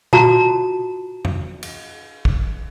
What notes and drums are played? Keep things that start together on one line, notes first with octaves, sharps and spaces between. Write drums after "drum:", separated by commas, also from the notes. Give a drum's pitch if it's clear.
F4 F#4 A5 A#5, drum: tom A#2
drum: tom F2
drum: cymbal
drum: kick